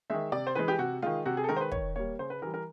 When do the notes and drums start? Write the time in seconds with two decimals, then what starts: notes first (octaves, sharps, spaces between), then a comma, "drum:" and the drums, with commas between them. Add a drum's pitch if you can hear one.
0.10 D#3 G#3 E5
0.32 C3 D5
0.47 C5
0.55 E3 G#3 B4
0.68 G4
0.79 C3 F#4
1.02 D#3 G#3 F4
1.26 C3 F#4
1.37 G#4
1.44 A4
1.49 D#3 G#3 A#4
1.57 C5
1.61 B4
1.72 D#3 C#5, drum: kick
1.96 G3 A#3 C#5
2.19 C#3 C5
2.30 B4
2.42 E3 G3 A#4
2.54 A#4